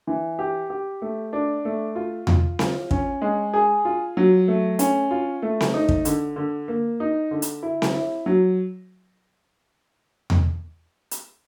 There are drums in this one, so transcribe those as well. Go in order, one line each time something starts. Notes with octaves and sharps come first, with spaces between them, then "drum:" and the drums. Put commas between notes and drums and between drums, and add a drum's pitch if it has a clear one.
E3
G4
G4
A3
D4
A3
F4
F4, drum: tom E2
F4, drum: snare C4
C#4, drum: kick
G#3
G#4
F4
F#3
A3
C#4, drum: hi-hat
F4
A3
drum: snare C4
D#4
drum: kick
D3, drum: hi-hat
D3
A#3
D#4
D3
drum: hi-hat
E4
drum: snare C4
E4
F#3
drum: tom E2
drum: hi-hat